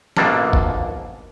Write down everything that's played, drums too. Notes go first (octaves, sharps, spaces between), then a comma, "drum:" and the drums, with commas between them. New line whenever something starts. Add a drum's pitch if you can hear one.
A#1 G#2 B2 A#3 D4 A4, drum: snare
drum: kick G1